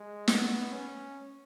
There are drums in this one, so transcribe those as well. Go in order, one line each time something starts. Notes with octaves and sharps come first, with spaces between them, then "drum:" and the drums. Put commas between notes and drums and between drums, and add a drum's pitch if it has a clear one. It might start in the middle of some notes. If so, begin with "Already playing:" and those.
Already playing: G#3
B3, drum: snare
C#4